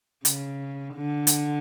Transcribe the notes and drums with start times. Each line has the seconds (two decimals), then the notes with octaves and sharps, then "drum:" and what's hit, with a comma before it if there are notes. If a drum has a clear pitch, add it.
0.25 C#3, drum: hi-hat
0.95 D3
1.27 drum: hi-hat